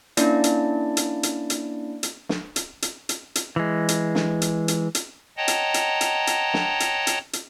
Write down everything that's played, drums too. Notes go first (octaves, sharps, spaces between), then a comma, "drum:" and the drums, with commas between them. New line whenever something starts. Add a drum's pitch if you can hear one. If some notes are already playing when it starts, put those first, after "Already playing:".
A#3 C#4 D4 E4 D5, drum: hi-hat
drum: hi-hat
drum: hi-hat
drum: hi-hat
drum: hi-hat
drum: hi-hat
drum: snare
drum: hi-hat
drum: hi-hat
drum: hi-hat
drum: hi-hat
E3 G#3
drum: hi-hat
drum: snare
drum: hi-hat
drum: hi-hat
drum: hi-hat
C#5 D#5 F#5 G5 A5 A#5
drum: hi-hat
drum: hi-hat
drum: hi-hat
drum: hi-hat
drum: snare
drum: hi-hat
drum: hi-hat
drum: hi-hat